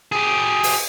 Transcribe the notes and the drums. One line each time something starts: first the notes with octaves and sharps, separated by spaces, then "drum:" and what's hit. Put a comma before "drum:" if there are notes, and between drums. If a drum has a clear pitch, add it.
G4 G#4
drum: open hi-hat